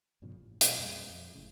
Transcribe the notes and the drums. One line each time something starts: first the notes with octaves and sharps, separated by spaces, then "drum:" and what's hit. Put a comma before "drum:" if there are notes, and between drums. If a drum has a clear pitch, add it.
G2 A#2 C#3 F3
A1
B2 F#3, drum: hi-hat
F2 A#2 G3 G#3
F2
F#1 F#2 A2 C#3